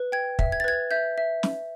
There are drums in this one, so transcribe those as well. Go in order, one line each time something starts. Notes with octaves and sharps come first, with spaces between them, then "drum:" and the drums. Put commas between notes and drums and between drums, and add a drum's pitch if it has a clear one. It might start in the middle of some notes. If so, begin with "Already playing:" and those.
Already playing: B4
G5 G#6
E5, drum: kick
G#6
A6
B4 G#6
E5 G6
E5
drum: snare